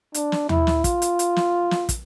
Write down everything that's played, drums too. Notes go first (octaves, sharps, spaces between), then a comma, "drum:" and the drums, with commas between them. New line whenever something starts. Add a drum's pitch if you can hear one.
D4, drum: hi-hat
drum: snare
E4, drum: tom
drum: snare
F4, drum: kick, hi-hat
drum: hi-hat
drum: hi-hat
drum: snare
drum: snare
drum: kick, hi-hat